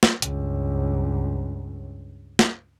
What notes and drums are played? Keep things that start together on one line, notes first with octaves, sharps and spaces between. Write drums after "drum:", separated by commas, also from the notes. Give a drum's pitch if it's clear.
drum: snare
C#2 G2, drum: hi-hat
drum: snare